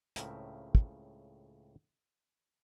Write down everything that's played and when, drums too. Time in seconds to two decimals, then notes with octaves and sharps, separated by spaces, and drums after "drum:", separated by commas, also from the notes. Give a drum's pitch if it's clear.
0.16 C#2 A2 C#3 C4 A#4 E5, drum: hi-hat
0.75 drum: kick